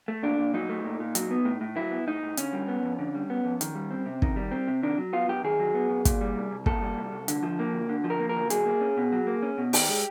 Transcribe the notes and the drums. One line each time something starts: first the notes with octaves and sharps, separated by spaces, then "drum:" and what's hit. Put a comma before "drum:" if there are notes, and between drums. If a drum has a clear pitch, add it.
A3
A#2 D4
A#2
F#3 D#4
A3
A#2
A#2
F#3, drum: hi-hat
B3
A2
A2
F#3 E4
B3
A2 D#4
A2
D3 C#4, drum: hi-hat
G3
B3
F2
D3
G3
B3
F2
D#3, drum: hi-hat
G3
C4
C3
D#3, drum: kick
G3
C4
C3
D#3 D4
F#3
B3 F4
F#2 G4
D#3 G#4
F#3
B3
F#2
A#2, drum: kick, hi-hat
G3
C2
C2
A#2 A4, drum: kick
G3
C2
C2
D3, drum: hi-hat
F3
A#3
D2
D3
F3
A#4
A#3
A#4
D2
F#3 G#4, drum: hi-hat
A#3
C#4
B2
F#3
A#3
C#4
B2
D#3 G4, drum: open hi-hat
G#3